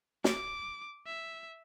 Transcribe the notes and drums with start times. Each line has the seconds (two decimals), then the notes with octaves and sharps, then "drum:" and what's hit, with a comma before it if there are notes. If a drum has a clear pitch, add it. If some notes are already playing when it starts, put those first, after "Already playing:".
0.24 D6, drum: snare
1.07 E5